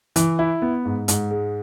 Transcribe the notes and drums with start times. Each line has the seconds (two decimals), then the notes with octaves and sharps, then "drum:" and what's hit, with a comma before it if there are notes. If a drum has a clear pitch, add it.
0.16 E3, drum: hi-hat
0.39 E4
0.62 B3
0.85 G#2
1.08 G#2, drum: hi-hat
1.31 G#3